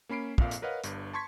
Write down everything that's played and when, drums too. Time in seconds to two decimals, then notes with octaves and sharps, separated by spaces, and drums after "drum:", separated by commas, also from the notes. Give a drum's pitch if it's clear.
0.09 A#3 C#4 B5 C7 D7
0.38 A#1 F2 A#2 F5, drum: kick
0.51 drum: hi-hat
0.62 A#4 B4 C#5 D#5 F5 F#5
0.84 G1 G2, drum: hi-hat
1.13 A5 C6 C#6 G#6 B6